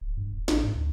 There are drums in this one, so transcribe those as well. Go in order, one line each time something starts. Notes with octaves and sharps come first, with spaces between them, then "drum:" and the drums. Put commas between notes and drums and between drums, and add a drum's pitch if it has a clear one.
D1
G2
D#1
A1, drum: snare
G#2
D2